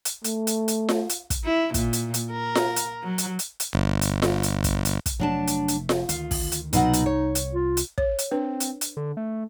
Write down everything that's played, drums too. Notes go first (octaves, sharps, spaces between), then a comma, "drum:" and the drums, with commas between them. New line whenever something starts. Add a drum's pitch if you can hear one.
drum: hi-hat
A3, drum: hi-hat
drum: hi-hat
drum: hi-hat
drum: snare F4
drum: hi-hat
drum: kick, hi-hat
E4
A#2, drum: kick, hi-hat
drum: hi-hat
drum: hi-hat
A#4
drum: snare F4
drum: hi-hat
F#3
drum: hi-hat
drum: hi-hat
drum: hi-hat
G1
drum: hi-hat
drum: snare F4
drum: hi-hat
drum: kick, hi-hat
drum: hi-hat
drum: kick, hi-hat
F1 F#3 A3 D4 A5
drum: hi-hat
drum: hi-hat
drum: snare F4
D2 D#3 F4, drum: hi-hat
drum: kick, open hi-hat
drum: hi-hat
C2 B2 F#3 D#4 F#5, drum: hi-hat
drum: hi-hat
C#5
drum: hi-hat
F4
drum: hi-hat
C#5, drum: kick
drum: hi-hat
C4 D4 B4
drum: hi-hat
drum: hi-hat
D3
A3